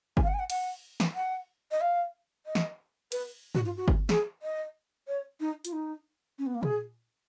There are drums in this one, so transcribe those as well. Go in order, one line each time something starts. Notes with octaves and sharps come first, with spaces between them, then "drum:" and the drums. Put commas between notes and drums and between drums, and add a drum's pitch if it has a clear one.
G#5, drum: kick G1
F5
F#5
G#5
F#5
F#5, drum: cymbal
drum: snare
F#5
D#5
F5
D#5
drum: snare
B4, drum: cymbal
F#4, drum: tom
F4
F#4
drum: kick G1
G#4, drum: snare
D#5
C#5
D#4
F4, drum: hi-hat
D#4
C#4
B3
A#3
G#4, drum: tom